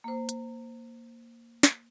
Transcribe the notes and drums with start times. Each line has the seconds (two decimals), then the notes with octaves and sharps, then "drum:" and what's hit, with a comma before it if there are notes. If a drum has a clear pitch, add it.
0.04 A#3 C5
0.29 drum: hi-hat
1.63 drum: snare